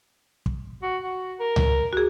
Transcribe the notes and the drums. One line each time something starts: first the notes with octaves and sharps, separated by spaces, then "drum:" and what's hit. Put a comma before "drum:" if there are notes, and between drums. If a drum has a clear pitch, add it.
drum: kick
F#4
F#4
A#4
drum: tom C#2
F#4 G#4